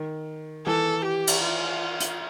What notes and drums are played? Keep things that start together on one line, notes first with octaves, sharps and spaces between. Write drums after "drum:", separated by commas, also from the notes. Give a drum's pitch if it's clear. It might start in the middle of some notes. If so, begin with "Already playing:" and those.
Already playing: D#3
E3 A4
G4
drum: cymbal
F4
drum: hi-hat